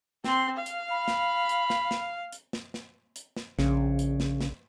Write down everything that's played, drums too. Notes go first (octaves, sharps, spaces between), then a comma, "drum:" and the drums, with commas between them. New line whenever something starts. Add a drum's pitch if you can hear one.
C4 C6, drum: snare
F5
drum: hi-hat
B5
drum: snare
drum: hi-hat
drum: snare
drum: snare
drum: hi-hat
drum: snare
drum: snare
drum: hi-hat
drum: snare
A#1 C#3, drum: snare
drum: hi-hat
drum: snare
drum: snare